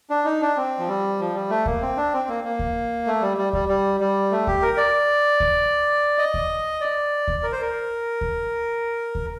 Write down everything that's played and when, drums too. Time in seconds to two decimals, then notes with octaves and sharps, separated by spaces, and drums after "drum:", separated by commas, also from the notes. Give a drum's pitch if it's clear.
0.10 D4
0.25 D#4
0.41 D4
0.56 C4
0.79 F3
0.88 G3
1.19 F3
1.35 G3
1.50 A3
1.66 A#3, drum: kick D2
1.82 C4
1.97 D4
2.13 C4
2.28 A#3
2.44 A#3
2.59 drum: kick D2
3.07 A3
3.22 G3
3.37 G3
3.53 G3, drum: kick D2
3.69 G3
4.00 G3
4.31 A3
4.47 G4, drum: kick D2
4.62 A#4
4.77 D5
5.40 drum: kick D2
6.18 D#5
6.34 drum: kick D2
6.81 D5
7.28 drum: kick D2
7.43 A#4
7.52 C5
7.62 A#4
8.21 drum: kick D2
9.15 drum: kick D2